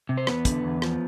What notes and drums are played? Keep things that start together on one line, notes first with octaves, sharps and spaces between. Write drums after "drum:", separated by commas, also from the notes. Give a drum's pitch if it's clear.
C3
C5
E2 B3 B4, drum: rim click
D3, drum: kick, hi-hat
E2
F3, drum: rim click